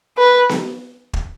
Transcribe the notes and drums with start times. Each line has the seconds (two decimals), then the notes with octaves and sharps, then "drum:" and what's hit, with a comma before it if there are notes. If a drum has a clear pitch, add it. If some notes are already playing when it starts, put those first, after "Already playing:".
0.17 B4
0.49 drum: snare B3
1.13 drum: kick